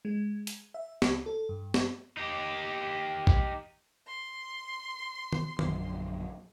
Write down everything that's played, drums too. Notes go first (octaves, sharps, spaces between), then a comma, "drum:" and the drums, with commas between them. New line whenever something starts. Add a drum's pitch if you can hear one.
G#3
drum: hi-hat
E5
C#2, drum: snare
A4
G2
drum: snare
D#4 G4
drum: kick
C6
drum: tom D#3
A#1 F#2 D3, drum: tom D#3